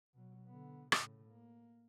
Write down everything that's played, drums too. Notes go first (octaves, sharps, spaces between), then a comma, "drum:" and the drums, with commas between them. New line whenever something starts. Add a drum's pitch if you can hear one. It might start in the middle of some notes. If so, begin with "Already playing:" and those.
B2 F#3
D3 B3
A2 C#3, drum: rim click
A#3